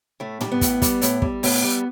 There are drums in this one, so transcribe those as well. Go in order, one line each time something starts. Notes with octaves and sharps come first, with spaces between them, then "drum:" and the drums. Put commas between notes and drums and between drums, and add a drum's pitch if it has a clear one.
A2 A3
G3, drum: tom
B3
A2, drum: kick, hi-hat
G3, drum: kick, hi-hat
A2, drum: hi-hat
G3, drum: kick
A2 B3, drum: open hi-hat
G3